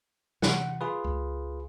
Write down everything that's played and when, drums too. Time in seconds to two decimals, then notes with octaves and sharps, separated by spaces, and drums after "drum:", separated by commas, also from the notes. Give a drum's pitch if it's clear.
0.42 C3 E3 G3 F#5, drum: snare
0.81 F4 G#4 B4
1.04 C#2